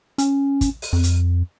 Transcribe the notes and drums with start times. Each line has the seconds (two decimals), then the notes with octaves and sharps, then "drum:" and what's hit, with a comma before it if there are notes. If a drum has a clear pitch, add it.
0.18 C#4, drum: hi-hat
0.61 drum: kick, hi-hat
0.82 drum: open hi-hat
0.93 F2
1.04 drum: hi-hat